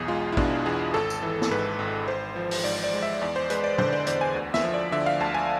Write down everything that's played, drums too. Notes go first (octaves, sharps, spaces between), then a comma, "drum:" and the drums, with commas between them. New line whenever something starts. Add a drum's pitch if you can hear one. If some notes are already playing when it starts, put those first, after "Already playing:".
Already playing: B1 E2 G#4
G#3 F4
E4
B2 D4, drum: kick
E2 G#4
G#1 A4
drum: tambourine
E3
drum: snare A#3
G#2 B4
G#1
G#1 C5
F3
drum: open hi-hat
G#2 D5
D5
G#3
E5
E2 D5
C5
G#3 B4, drum: hi-hat
D5
D3 C5, drum: tom
D5
E2 D5, drum: hi-hat
G#5
D2
E5, drum: snare A#3
F3
D5
D3 E5
F5
D2 A5
G#5